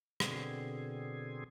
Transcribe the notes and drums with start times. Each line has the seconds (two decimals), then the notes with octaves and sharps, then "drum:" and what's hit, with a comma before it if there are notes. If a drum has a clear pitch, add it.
0.20 B2 D3 C4 G#4, drum: rim click